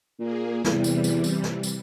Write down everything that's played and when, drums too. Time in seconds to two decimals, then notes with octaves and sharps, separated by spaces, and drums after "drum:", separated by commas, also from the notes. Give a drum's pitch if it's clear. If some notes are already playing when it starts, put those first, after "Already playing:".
0.19 A#2 A#3 G#4
0.64 E2 C3 E3 G3, drum: snare
0.84 drum: tambourine
1.04 drum: tambourine
1.24 drum: tambourine
1.44 drum: snare
1.63 drum: tambourine